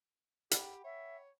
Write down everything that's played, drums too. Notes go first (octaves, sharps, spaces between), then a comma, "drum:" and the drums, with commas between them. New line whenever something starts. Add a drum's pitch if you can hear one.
G4 F#5 G5 B5, drum: hi-hat
C#5 E5